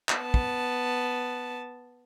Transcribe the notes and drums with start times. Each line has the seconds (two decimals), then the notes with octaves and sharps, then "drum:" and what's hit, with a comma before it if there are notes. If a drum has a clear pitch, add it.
0.09 drum: clap
0.18 B3 A5
0.34 drum: kick